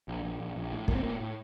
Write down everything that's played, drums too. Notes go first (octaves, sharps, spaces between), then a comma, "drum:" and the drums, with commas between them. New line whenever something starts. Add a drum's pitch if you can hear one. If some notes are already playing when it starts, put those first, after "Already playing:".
A#1
A#1
A#1
A#1
A2
A2 A#3, drum: kick
C4
A2 A#3
A2